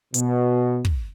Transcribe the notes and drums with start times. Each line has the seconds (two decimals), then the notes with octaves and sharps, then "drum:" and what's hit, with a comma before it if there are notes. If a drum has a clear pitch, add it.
0.14 B2, drum: hi-hat
0.85 drum: kick